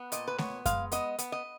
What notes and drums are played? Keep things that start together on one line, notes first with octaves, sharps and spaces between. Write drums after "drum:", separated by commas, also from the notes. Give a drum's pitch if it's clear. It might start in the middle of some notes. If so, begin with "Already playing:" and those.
Already playing: B3
A#2 D#5, drum: hi-hat
B4
B3 C#5, drum: snare A3
G#3 F5, drum: kick F#2, hi-hat
B3 D#5, drum: hi-hat
B3, drum: hi-hat
D#5